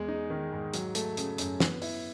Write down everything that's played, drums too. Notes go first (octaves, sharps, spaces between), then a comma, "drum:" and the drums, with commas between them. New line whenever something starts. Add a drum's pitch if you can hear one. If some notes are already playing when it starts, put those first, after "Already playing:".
Already playing: E2 G#3
D#4
D#3
G#2
F#3, drum: hi-hat
A3, drum: hi-hat
C#3, drum: hi-hat
F#2, drum: hi-hat
B3, drum: snare
E4, drum: open hi-hat